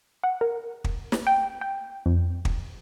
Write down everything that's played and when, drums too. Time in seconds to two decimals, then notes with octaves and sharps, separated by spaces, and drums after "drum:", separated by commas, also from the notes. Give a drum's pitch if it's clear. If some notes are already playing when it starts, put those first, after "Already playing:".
0.24 F#5
0.41 A#4
0.84 drum: kick
1.12 drum: snare
1.27 G5
1.61 G5
2.06 F2
2.45 drum: kick